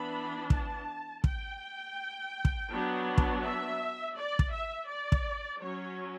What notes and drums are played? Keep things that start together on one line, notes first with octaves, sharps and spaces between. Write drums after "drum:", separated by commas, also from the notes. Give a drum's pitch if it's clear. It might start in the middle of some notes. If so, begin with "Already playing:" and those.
Already playing: E3 B3 D4 B5
A5, drum: kick
G5, drum: kick
drum: kick
F#3 B3 D4
drum: kick
E5
D5
drum: kick
E5
D5
drum: kick
F#3 C#4 C#5